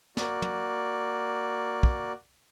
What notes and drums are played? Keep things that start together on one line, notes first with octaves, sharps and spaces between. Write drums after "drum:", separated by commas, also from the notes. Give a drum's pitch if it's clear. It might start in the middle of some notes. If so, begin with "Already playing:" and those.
A#3 F#4 D5, drum: snare
drum: tom
drum: kick